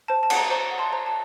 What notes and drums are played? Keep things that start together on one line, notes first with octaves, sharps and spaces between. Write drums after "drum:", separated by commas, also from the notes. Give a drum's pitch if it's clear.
C5 A5
A5
F#5, drum: cymbal
A#5
C5 A#5
A#5
F#5
A5 C6
C5 A#5
A5